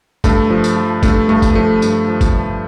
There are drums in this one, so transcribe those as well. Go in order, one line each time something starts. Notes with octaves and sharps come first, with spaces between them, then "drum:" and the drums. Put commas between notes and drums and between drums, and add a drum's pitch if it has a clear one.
G2 A3, drum: kick, tambourine
F3
drum: tambourine
F3
G2 A3, drum: kick, tambourine
G2 A3
drum: kick, tambourine
F3 A3
G2, drum: tambourine
F3
drum: kick, tambourine
G2